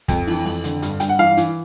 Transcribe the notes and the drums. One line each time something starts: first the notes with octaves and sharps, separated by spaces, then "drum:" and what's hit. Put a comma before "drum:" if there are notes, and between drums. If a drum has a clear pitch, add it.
F2, drum: kick, hi-hat
E3, drum: open hi-hat
F2, drum: open hi-hat
D3, drum: hi-hat
G2, drum: hi-hat
G2 G5, drum: hi-hat
F#5
E3 F5
E3, drum: hi-hat